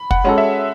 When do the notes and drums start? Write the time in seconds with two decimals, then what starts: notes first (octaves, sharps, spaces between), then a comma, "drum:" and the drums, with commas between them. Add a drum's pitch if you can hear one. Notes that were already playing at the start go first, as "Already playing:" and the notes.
Already playing: B5
0.11 F#5, drum: kick
0.24 G#3 C#4 F#4 A4
0.38 E5